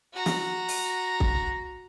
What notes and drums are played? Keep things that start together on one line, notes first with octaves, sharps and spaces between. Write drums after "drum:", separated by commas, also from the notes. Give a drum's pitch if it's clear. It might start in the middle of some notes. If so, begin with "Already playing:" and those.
F#4 A#5
drum: snare
drum: open hi-hat
drum: kick